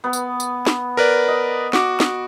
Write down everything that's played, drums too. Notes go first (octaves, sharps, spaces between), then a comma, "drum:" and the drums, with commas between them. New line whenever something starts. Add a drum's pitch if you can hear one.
B3
drum: tambourine
drum: tambourine
drum: snare
A#4 B4 D5
D#5
F#4 D6, drum: snare
drum: snare